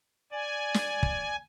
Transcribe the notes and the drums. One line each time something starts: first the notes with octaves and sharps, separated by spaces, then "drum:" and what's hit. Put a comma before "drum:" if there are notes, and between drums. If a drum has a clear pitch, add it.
D5 G#5
drum: snare
drum: kick